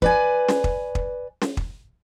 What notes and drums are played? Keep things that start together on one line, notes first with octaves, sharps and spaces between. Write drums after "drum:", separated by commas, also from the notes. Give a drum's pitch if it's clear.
B4 D5 G#5, drum: kick
drum: snare
drum: kick
drum: kick
drum: snare
drum: kick